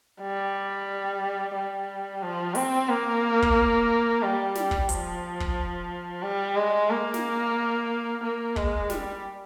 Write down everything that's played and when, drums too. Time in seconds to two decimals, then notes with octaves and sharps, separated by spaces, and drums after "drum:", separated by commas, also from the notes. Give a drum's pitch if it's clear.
0.21 G3
1.55 G3
2.22 F3
2.55 C4, drum: open hi-hat
2.89 A#3
3.42 drum: kick
4.22 G3
4.55 drum: snare
4.71 drum: kick
4.89 F3, drum: hi-hat
5.40 drum: kick
6.23 G3
6.56 G#3
6.90 A#3
7.14 drum: snare
8.23 A#3
8.56 G#3, drum: kick
8.90 G3, drum: snare